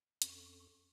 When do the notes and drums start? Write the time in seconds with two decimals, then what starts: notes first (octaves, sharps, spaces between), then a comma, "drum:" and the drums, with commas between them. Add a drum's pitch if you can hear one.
0.22 F2 C4 C#4 A4 C#6, drum: hi-hat